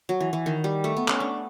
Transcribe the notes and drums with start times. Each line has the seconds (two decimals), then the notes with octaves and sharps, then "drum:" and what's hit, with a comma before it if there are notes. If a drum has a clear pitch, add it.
0.09 F#3
0.20 E3
0.33 E3
0.46 D#3
0.64 G3
0.84 A3
0.97 B3
1.08 C#4, drum: clap
1.20 D4